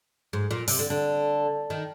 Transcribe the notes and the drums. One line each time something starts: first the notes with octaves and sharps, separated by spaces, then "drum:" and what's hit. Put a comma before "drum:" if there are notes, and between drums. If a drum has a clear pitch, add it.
G#2
A#2
C3, drum: open hi-hat
D3
D3
D#3